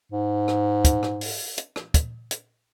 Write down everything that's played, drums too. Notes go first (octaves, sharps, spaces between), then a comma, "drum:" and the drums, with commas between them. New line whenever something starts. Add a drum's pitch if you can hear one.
G#2
drum: rim click
drum: kick, hi-hat
drum: rim click
drum: open hi-hat
drum: hi-hat
drum: rim click
drum: kick, hi-hat
drum: hi-hat